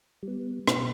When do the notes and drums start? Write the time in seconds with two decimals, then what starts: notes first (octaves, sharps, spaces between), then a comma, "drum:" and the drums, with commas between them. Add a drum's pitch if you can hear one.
0.23 G3 B3
0.67 B2, drum: rim click